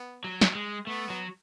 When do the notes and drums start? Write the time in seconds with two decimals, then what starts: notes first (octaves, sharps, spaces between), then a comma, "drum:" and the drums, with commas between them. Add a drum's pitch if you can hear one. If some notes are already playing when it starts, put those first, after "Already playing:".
Already playing: B3
0.24 F#3
0.41 drum: snare
0.55 G#3
0.87 A3 B3
1.10 F#3